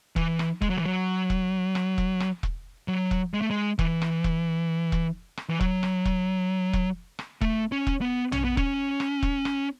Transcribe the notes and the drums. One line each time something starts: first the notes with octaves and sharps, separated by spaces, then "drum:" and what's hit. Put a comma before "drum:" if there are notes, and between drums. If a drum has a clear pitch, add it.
E3, drum: kick E1
drum: rim click
G#3, drum: kick E1
F#3
E3
F#3
drum: kick E1
drum: rim click
drum: kick E1
drum: rim click
drum: kick E1
F#3
drum: kick E1
G#3
A3
G#3
E3, drum: kick E1
drum: rim click
drum: kick E1
drum: kick E1
drum: rim click
E3
F#3, drum: kick E1
drum: rim click
drum: kick E1
drum: kick E1
drum: rim click
A3, drum: kick E1
C#4
drum: kick E1
B3
C#4, drum: tom A#1
B3
C#4, drum: kick E1
drum: rim click
drum: kick E1
drum: rim click